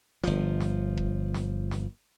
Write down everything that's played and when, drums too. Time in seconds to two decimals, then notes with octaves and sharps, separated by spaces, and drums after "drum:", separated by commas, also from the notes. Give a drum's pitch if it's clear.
0.24 G1 F3, drum: snare
0.60 drum: snare
0.97 drum: kick E1
1.34 drum: snare
1.71 drum: snare